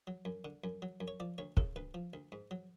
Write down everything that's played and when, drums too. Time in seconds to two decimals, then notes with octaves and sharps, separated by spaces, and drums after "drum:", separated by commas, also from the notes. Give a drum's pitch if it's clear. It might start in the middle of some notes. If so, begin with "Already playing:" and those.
0.07 F#3
0.25 F#2
0.45 D3
0.64 F#2
0.82 F#3
1.00 F#2
1.08 C#5
1.20 F3 D5
1.38 D2 C#5
1.57 C#3 A4, drum: kick
1.76 D2 B4
1.94 F3
2.13 D2
2.32 G#2
2.51 F#3